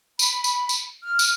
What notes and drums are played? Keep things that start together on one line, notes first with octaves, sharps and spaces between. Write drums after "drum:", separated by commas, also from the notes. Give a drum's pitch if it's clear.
B5, drum: tambourine
drum: tambourine
drum: tambourine
F6
drum: tambourine